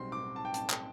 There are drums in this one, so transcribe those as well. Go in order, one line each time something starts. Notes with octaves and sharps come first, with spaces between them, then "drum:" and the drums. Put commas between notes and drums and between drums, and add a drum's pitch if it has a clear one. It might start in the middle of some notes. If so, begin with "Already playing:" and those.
Already playing: B1 B2 G3 C4 C6
D6
A5
G5
A5, drum: hi-hat
drum: clap